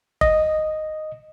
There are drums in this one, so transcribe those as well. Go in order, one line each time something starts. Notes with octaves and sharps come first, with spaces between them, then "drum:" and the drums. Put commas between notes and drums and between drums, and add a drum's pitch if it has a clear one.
D#5, drum: kick